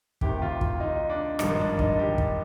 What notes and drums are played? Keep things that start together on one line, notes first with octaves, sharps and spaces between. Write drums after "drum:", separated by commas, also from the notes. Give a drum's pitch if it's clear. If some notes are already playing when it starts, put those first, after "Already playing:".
D2 C3 D#3 G4, drum: kick
F4
drum: kick
D#4
D4
G#1 G2 F3 D#4, drum: rim click
D4
D4
D#4, drum: kick
G4
drum: kick